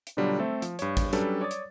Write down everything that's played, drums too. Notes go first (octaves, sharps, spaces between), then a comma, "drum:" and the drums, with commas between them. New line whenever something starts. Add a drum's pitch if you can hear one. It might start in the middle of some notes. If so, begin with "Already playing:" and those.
drum: hi-hat
B2 D3 F#3 G3 D4 F4
A3 C4 A4 C5 E5
F3, drum: hi-hat
G2 C#5, drum: hi-hat
drum: kick, hi-hat
F#3 G3 C#4 D4 A4 B4, drum: hi-hat
C#5 D5 D6 D#6 A6
drum: hi-hat